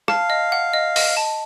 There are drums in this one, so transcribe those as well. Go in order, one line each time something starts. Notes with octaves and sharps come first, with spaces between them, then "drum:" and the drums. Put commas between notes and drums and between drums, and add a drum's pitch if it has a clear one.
F5 A5, drum: rim click
D#5
F#5
D#5
D#5, drum: open hi-hat
A5